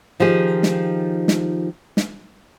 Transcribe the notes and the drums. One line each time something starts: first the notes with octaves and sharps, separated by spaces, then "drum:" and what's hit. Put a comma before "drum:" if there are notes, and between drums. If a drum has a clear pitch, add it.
D#3 F3 D#4 G4 G#4
drum: snare
drum: snare
drum: snare